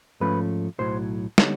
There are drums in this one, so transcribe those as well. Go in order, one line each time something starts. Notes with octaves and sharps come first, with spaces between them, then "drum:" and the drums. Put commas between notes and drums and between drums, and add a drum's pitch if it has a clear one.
G#2 F3 A3 C#4 B4
B1 A2 F#3 C5
D3 G3 B3 D#4 C#5, drum: snare